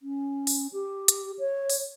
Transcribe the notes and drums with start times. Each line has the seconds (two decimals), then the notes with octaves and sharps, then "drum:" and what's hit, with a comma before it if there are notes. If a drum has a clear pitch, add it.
0.02 C#4
0.47 drum: open hi-hat
0.73 G4
1.08 drum: hi-hat
1.39 C#5
1.70 drum: open hi-hat